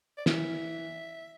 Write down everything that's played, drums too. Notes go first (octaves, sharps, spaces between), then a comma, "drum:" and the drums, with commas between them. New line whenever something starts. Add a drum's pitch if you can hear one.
D5
E3 E5, drum: snare